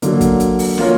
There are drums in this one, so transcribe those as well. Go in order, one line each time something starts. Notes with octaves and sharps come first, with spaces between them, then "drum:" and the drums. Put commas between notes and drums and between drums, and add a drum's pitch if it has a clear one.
D3 F#3 A#3, drum: hi-hat
drum: kick, hi-hat
drum: hi-hat
drum: open hi-hat
A#3 C#4 F4 A#4 C#5, drum: snare